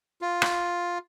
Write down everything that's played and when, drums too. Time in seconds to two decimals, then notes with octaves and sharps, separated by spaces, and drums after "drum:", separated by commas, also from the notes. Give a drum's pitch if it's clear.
0.22 F4
0.42 drum: rim click